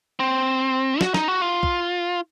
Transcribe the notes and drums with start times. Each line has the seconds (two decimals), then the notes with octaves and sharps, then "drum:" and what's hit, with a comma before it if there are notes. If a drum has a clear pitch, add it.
0.20 C4
1.01 F#4, drum: snare
1.14 D#4, drum: snare
1.28 F#4
1.42 F4
1.63 drum: kick